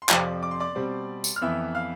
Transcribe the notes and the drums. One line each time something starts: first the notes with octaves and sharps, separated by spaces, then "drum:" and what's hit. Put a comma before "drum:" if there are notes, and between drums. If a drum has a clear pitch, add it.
C6
F2 C3 F3 C4 F4 D5 D6, drum: clap
D6
C6
D5 D6
B2 G3 C4
drum: tambourine
F6
F2 E3 B3 E5 E6
F5 F6